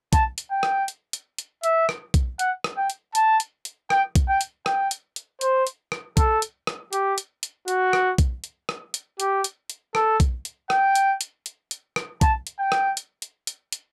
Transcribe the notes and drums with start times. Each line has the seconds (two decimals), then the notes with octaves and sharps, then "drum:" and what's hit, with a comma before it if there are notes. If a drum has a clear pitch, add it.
0.13 A5, drum: kick B1, hi-hat
0.38 drum: hi-hat
0.51 G5
0.63 drum: rim click
0.88 drum: hi-hat
1.13 drum: hi-hat
1.38 drum: hi-hat
1.63 E5, drum: hi-hat
1.89 drum: rim click
2.14 drum: kick B1, hi-hat
2.39 F#5, drum: hi-hat
2.64 drum: rim click
2.77 G5
2.90 drum: hi-hat
3.15 A5, drum: hi-hat
3.40 drum: hi-hat
3.65 drum: hi-hat
3.90 G5, drum: rim click
4.15 drum: kick B1, hi-hat
4.28 G5
4.41 drum: hi-hat
4.66 G5, drum: rim click
4.91 drum: hi-hat
5.16 drum: hi-hat
5.41 C5, drum: hi-hat
5.67 drum: hi-hat
5.92 drum: rim click
6.17 A4, drum: kick B1, hi-hat
6.42 drum: hi-hat
6.67 drum: rim click
6.93 G4, drum: hi-hat
7.18 drum: hi-hat
7.43 drum: hi-hat
7.68 F#4, drum: hi-hat
7.93 drum: rim click
8.18 drum: kick B1, hi-hat
8.44 drum: hi-hat
8.69 drum: rim click
8.94 drum: hi-hat
9.20 G4, drum: hi-hat
9.44 drum: hi-hat
9.70 drum: hi-hat
9.95 A4, drum: rim click
10.20 drum: kick B1, hi-hat
10.45 drum: hi-hat
10.70 G5, drum: rim click
10.95 drum: hi-hat
11.21 drum: hi-hat
11.46 drum: hi-hat
11.71 drum: hi-hat
11.96 drum: rim click
12.21 A5, drum: kick B1, hi-hat
12.47 drum: hi-hat
12.59 G5
12.72 drum: rim click
12.97 drum: hi-hat
13.22 drum: hi-hat
13.47 drum: hi-hat
13.72 drum: hi-hat